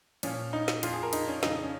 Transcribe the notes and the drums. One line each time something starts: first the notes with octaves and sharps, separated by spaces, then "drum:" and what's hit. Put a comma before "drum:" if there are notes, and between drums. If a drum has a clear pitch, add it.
A#2 F3 C#4, drum: cymbal
D#4
drum: snare
F2 F3 F4, drum: cymbal
G#4
A#4
D#4, drum: cymbal
C#4
F2 C#3 F3 D#4, drum: snare
C#4